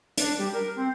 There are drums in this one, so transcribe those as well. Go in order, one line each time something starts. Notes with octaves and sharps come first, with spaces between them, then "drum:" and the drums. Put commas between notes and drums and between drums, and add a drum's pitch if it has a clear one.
D4, drum: hi-hat
G3
A#4
C4